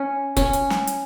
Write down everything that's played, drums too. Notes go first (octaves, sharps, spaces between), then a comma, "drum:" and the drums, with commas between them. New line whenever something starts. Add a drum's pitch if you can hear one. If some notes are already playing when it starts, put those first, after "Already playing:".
Already playing: C#4
C#4, drum: kick E1, hi-hat
drum: hi-hat
drum: snare
drum: hi-hat